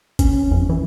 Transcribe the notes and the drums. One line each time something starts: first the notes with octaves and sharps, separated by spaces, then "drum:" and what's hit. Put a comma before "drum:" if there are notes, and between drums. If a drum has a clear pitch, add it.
C#4, drum: kick, hi-hat
F2
E3